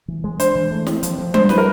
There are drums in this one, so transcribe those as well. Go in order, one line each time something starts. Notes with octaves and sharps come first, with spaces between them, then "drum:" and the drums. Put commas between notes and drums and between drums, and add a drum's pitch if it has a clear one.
E3
G#3
D4 C5, drum: hi-hat
E3
A3
C4, drum: snare
F3, drum: hi-hat
F3
D4 C5, drum: tom G3
F3 B4, drum: snare
A#4